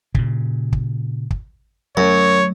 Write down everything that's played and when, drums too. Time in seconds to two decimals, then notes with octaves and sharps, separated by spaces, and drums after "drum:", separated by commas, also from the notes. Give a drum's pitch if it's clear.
0.15 A#2 C#3, drum: kick
0.73 drum: kick
1.30 drum: kick
1.97 F#2 F#3 A3 C#5